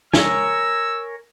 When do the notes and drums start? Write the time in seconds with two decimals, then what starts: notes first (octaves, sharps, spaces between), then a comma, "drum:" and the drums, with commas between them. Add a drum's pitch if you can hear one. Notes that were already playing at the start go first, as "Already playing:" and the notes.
0.14 A#4 C#5 G#5 E6, drum: snare